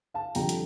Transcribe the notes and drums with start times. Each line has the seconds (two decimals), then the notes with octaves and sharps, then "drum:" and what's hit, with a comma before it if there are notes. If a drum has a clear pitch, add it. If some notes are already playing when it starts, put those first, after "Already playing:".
0.14 F5 A5
0.35 F2 D3 G3 G5 A#5, drum: open hi-hat
0.49 drum: hi-hat